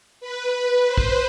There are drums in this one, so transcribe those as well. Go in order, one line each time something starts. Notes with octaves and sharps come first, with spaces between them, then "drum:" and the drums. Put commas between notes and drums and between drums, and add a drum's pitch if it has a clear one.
B4
C5
drum: kick